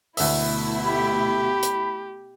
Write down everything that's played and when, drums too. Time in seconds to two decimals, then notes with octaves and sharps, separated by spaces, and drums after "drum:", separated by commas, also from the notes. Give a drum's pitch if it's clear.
0.17 D2 B2 A3 E4 E5, drum: open hi-hat
0.84 G4 B5
1.63 drum: hi-hat